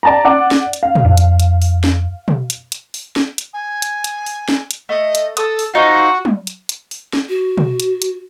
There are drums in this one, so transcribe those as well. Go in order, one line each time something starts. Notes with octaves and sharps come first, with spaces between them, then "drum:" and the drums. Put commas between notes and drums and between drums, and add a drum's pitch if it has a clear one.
D5 A5 A#5
D5 F#5 D6
drum: snare
drum: hi-hat
F5
drum: tom
F2 D4
drum: hi-hat
drum: hi-hat
drum: open hi-hat
drum: snare
drum: tom
drum: hi-hat
drum: hi-hat
drum: open hi-hat
drum: snare
drum: hi-hat
G#5
drum: hi-hat
drum: hi-hat
drum: open hi-hat
drum: snare
drum: hi-hat
A3 D#5
drum: hi-hat
A4 D#6, drum: hi-hat
drum: open hi-hat
C4 D#4 F4 F#4
drum: tom
drum: hi-hat
drum: hi-hat
drum: open hi-hat
drum: snare
F#4
drum: tom
drum: hi-hat
drum: hi-hat